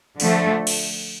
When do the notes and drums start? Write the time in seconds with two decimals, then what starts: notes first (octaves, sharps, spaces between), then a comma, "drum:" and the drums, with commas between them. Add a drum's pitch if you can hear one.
0.20 D3 F3 A3, drum: open hi-hat
0.67 drum: cymbal